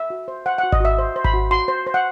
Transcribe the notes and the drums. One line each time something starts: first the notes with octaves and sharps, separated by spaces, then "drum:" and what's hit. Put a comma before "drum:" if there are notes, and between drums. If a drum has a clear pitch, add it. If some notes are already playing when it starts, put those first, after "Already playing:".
Already playing: E5
F#4
C5
C5 F#5
F#5
F#4
D#5, drum: kick G#1
F#4 E5
C5
C5
B5, drum: kick G#1
F#4
F#4 C6
C5
C5
F#5